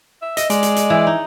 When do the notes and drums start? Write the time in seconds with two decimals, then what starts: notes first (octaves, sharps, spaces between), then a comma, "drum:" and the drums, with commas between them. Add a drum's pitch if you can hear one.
0.22 E5
0.37 D#5, drum: hi-hat
0.50 G#3 D5, drum: hi-hat
0.63 drum: hi-hat
0.76 drum: hi-hat
0.90 E3
1.07 D#4